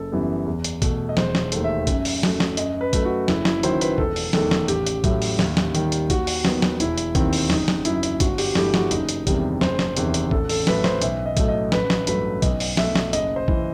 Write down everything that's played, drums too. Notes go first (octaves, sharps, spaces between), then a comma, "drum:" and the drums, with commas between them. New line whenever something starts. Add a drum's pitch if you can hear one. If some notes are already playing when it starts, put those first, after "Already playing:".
Already playing: F#1 A4
F#2 E3 G3 B3
E2
drum: hi-hat
B2 A3, drum: kick, hi-hat
D#5
E1 C5, drum: snare
drum: snare
D#2 D#3 A3, drum: hi-hat
E5
F#2, drum: kick, hi-hat
drum: open hi-hat
F#3 A3, drum: snare
drum: snare
F#2 D#5, drum: hi-hat
B4
F#3 A3, drum: kick, hi-hat
F#4
F#1 E4, drum: snare
E4, drum: snare
F#2 D#3 F#3 C5, drum: hi-hat
B4, drum: hi-hat
E1 A4, drum: kick
drum: open hi-hat
E2 D#3 A3 A4, drum: snare
drum: snare
A1 G4, drum: hi-hat
drum: hi-hat
A2 F#3 A3, drum: kick, hi-hat
drum: open hi-hat
D#2, drum: snare
drum: snare
D#3 G3, drum: hi-hat
drum: hi-hat
D#2 F#4, drum: kick, hi-hat
drum: open hi-hat
D#3 F#3 B3, drum: snare
drum: snare
E1 E4, drum: hi-hat
drum: hi-hat
D#2 D#3 C4, drum: kick, hi-hat
drum: open hi-hat
F#1 D#4, drum: snare
drum: snare
F#2 F#3 E4, drum: hi-hat
drum: hi-hat
G1 F#4, drum: kick, hi-hat
G4, drum: open hi-hat
G2 E3 A3 G4, drum: snare
F#4, drum: snare
F#1 D#4, drum: hi-hat
drum: hi-hat
E2 C3 D#3 G3, drum: kick, hi-hat
F#1 C5, drum: snare
drum: snare
E2 C3 D#3, drum: hi-hat
drum: hi-hat
A1 A4, drum: kick
A4, drum: open hi-hat
A2 F#3 B4, drum: snare
C5, drum: snare
B1 E5, drum: hi-hat
D#5
A2 F#3 A3, drum: kick, hi-hat
D#5
A1 B4, drum: snare
drum: snare
G2 F#3 A3 B4, drum: hi-hat
B1 D#5, drum: kick, hi-hat
drum: open hi-hat
B2 A3 E5, drum: snare
drum: snare
F#1 D#5, drum: hi-hat
C5
E3, drum: kick